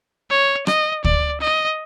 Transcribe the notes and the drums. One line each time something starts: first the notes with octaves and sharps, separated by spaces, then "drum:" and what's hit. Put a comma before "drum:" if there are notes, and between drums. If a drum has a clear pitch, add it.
C#5
D#5, drum: rim click
D5, drum: kick
D#5